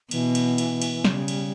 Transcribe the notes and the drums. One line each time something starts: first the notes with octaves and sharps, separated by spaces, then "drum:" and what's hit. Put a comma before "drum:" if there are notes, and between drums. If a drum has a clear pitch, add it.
B2 E3, drum: cymbal
drum: cymbal
drum: cymbal
drum: cymbal
C#3 G3, drum: snare
drum: cymbal